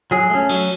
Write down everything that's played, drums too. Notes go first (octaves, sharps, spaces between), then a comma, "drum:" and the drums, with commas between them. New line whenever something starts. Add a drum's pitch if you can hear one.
F#3 G#4
A3 C#4
F#3, drum: cymbal